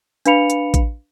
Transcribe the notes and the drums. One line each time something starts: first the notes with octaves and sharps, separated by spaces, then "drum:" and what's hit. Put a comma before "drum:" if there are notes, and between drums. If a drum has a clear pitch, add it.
D4 B4 F5 B5 C#7 F7, drum: hi-hat
drum: hi-hat
drum: kick A1, hi-hat